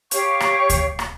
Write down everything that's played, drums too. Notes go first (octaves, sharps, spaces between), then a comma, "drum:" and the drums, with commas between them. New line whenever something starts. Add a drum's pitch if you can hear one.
G4 C#5 F5 C#6, drum: hi-hat
drum: rim click
drum: kick D2, hi-hat
drum: rim click